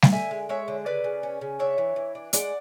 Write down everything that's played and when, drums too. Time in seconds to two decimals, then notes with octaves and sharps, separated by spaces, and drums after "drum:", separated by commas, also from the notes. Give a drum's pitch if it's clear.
0.02 drum: snare
0.12 D3 E5 G#5
0.31 G#3
0.49 G#3 C#5 E5
0.68 D3
0.86 C#3 B4 D5
1.04 C#3
1.23 C#4
1.41 C#3
1.59 D4 C#5 E5
1.78 E3
1.96 E3
2.15 D4
2.33 G#3 D5 F#5, drum: hi-hat